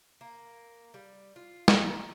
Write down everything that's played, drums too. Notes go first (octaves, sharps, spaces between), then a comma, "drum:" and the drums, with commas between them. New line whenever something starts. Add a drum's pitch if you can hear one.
A#3
G3
F4
D#4, drum: snare